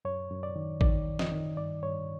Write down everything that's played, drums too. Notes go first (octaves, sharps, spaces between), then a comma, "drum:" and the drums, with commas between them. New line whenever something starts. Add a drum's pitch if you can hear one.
F#2 C#5
F#2
D5
D#3
D#3 D5, drum: kick A1
F#2
D#5, drum: snare
D#3
G2 D5
G2 C#5